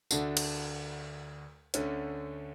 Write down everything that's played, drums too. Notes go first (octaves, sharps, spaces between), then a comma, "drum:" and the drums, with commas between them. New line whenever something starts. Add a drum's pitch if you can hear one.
D2 D3 A3 D4 F#4, drum: tambourine
drum: cymbal
D2 D3 A3 C#4, drum: hi-hat